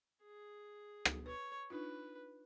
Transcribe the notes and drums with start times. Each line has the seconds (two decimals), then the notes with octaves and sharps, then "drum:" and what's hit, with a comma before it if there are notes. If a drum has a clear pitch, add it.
0.23 G#4
1.05 drum: rim click
1.26 B4 C#5
1.70 D4 D#4 F4 B4